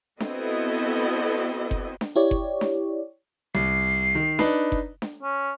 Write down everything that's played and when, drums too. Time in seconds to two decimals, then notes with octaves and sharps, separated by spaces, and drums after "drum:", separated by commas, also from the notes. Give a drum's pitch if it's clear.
0.20 B3 C4 E4 F#4 A4 D#5, drum: snare D4
1.71 drum: kick F#1
2.01 drum: snare D4
2.16 E4 G4 C#5 D5
2.31 drum: kick F#1
2.61 drum: snare D4
3.55 C2 C7
4.15 D#3
4.39 D4 D#4 B4, drum: snare D4
4.72 drum: kick F#1
5.02 drum: snare D4
5.23 C#4